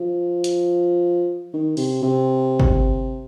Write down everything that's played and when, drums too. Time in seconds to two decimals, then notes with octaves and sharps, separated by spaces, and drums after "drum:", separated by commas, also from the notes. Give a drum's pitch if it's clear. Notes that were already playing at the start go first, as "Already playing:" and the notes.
Already playing: F3
0.44 drum: hi-hat
1.53 D#3
1.77 C3, drum: open hi-hat
2.02 C3
2.60 drum: kick